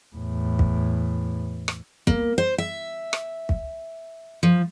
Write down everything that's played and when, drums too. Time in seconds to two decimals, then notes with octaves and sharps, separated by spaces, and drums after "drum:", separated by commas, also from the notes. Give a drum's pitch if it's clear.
0.16 E2 A2
0.59 drum: kick
1.68 drum: rim click
2.07 A#3, drum: kick
2.38 C5
2.58 E5
3.13 drum: rim click
3.49 drum: kick
4.43 F3